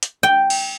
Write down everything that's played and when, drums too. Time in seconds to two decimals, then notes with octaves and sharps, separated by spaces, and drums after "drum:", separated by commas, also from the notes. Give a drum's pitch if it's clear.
0.03 drum: hi-hat
0.23 G5
0.50 drum: cymbal